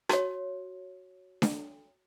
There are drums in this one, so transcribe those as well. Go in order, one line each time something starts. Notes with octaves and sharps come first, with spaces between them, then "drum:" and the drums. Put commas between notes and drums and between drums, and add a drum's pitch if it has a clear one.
F#4 C#5, drum: rim click
drum: snare D4